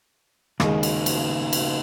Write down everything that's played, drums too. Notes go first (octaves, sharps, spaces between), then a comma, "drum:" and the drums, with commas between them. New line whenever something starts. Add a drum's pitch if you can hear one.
D#2 C#3 G#3 A#3 D#4, drum: rim click
drum: cymbal
drum: cymbal
drum: cymbal